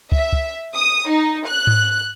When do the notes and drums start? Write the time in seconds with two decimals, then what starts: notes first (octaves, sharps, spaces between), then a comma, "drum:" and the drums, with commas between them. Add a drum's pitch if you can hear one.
0.12 E5, drum: kick
0.33 drum: kick
0.76 D#6
1.09 D#4
1.47 F#6
1.67 drum: tom G#2